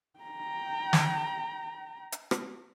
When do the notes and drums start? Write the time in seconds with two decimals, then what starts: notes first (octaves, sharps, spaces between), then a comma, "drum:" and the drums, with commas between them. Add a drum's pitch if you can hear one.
0.20 G5 A#5
0.93 drum: snare
2.12 drum: hi-hat
2.31 drum: rim click